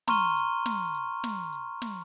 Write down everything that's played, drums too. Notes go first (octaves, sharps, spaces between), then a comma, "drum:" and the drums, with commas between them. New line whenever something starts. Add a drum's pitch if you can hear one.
A#5 C6 C#6 F6 D#7 G7, drum: snare
drum: hi-hat
drum: snare
drum: hi-hat
drum: snare
drum: hi-hat
drum: snare